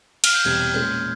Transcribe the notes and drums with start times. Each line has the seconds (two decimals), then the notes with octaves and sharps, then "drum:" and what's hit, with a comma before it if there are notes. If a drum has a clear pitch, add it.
0.24 F6, drum: cymbal
0.34 G6
0.45 E1 E2 C3 G3 G#6
0.74 A#2 G#3 C#4 G6